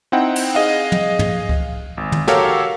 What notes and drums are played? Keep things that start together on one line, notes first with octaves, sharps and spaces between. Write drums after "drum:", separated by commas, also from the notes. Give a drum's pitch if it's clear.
C4 D#4 E4 F#5 G5
drum: cymbal
G#4 D#5 F5
drum: tom
drum: tom
drum: kick C#2
G#1
drum: tom
F#4 G4 A4 A#4 C#5 F5, drum: snare